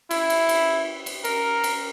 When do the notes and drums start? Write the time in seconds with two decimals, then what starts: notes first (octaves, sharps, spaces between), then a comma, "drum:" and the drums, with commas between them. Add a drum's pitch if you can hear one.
0.11 E4, drum: cymbal
0.30 drum: cymbal
0.49 drum: cymbal
1.06 drum: cymbal
1.24 A#4, drum: cymbal
1.64 drum: cymbal